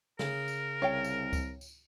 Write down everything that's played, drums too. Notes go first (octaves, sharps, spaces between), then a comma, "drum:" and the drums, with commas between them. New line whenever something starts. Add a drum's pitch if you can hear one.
C#3 A#4, drum: snare
drum: tambourine
C2 C#5 F5 G5
drum: tambourine
drum: kick C#2, tambourine
drum: tambourine